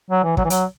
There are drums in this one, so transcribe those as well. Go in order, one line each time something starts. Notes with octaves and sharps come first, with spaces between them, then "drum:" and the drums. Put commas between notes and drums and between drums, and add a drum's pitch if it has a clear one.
F#3
E3
F#3, drum: kick
E3
F#3, drum: hi-hat